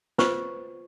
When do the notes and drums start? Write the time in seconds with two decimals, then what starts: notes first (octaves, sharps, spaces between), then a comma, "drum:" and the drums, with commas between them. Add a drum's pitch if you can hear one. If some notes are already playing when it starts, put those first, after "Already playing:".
0.18 F4 B4 C5 C#6, drum: snare